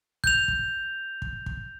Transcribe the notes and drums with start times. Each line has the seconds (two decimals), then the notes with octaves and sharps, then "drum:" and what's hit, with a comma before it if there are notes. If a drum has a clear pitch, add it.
0.24 G6 F7, drum: kick
0.48 drum: kick
1.22 drum: kick
1.46 drum: kick